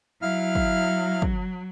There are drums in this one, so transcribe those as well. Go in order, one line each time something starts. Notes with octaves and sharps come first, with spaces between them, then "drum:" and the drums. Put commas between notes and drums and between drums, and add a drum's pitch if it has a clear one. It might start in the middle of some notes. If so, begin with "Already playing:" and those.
F#3 E4 F5 F6
drum: kick
drum: kick